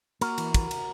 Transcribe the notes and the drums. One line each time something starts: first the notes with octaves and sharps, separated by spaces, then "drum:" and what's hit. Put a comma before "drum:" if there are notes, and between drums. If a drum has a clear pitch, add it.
A#3 F#4 A#4, drum: cymbal
E3, drum: cymbal
drum: kick, cymbal
drum: cymbal